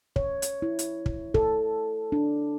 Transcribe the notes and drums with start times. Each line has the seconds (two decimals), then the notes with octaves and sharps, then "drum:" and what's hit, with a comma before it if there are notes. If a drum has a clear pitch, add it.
0.16 C#5, drum: kick
0.42 drum: hi-hat
0.62 E4
0.79 drum: hi-hat
1.06 drum: kick
1.34 A4, drum: kick
2.12 D4